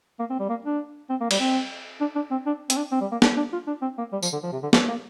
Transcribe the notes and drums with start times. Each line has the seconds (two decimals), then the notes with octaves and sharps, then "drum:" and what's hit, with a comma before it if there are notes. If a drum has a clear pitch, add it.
0.19 A#3
0.30 C4
0.40 G3
0.49 A#3
0.65 D4
1.10 C4
1.21 A#3
1.31 G3, drum: cymbal
1.40 C4
2.01 D4
2.15 D4
2.31 C4
2.47 D4
2.70 C4, drum: hi-hat
2.77 D4
2.92 C4
3.01 G3
3.12 A#3
3.22 D4, drum: snare
3.37 D4
3.53 F4
3.67 D4
3.82 C4
3.98 A#3
4.13 G3
4.23 F3, drum: tambourine
4.33 D3
4.43 F3
4.52 C3
4.63 D3
4.73 F3, drum: snare
4.88 A#3